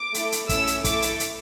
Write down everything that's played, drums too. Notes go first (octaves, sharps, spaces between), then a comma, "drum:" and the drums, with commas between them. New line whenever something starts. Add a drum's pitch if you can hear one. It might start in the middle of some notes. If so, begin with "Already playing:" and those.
Already playing: D6
A3 E4 A4, drum: hi-hat
drum: hi-hat
A3 C#4 E4 E6, drum: kick, hi-hat
drum: hi-hat
A3 E4 A4 D6, drum: kick, hi-hat
drum: hi-hat
drum: hi-hat